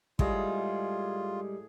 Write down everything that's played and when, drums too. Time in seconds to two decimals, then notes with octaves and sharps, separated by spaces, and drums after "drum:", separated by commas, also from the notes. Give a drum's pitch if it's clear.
0.19 A2 G3 G#3 F4 G#4 D5 D#5, drum: kick